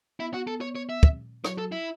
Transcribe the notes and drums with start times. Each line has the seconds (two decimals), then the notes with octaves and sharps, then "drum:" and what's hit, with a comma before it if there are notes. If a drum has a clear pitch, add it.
0.20 B3 E4
0.34 F#4
0.47 A4
0.61 C#5
0.76 C#5
0.89 E5
1.03 drum: kick
1.44 F#3 C#5, drum: rim click
1.58 A4
1.72 E4